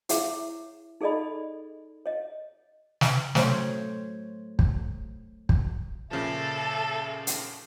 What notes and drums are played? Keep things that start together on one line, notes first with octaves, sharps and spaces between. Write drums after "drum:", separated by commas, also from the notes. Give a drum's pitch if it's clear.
E4 G#4 C#5 E5 D6, drum: hi-hat
D#4 G#4 A4 D5 D#5 B5
C#5 D#5
drum: snare
F#3 A3 C5 C#5, drum: snare
drum: kick
drum: kick
A#2 C#3 F3 A4 E5
drum: hi-hat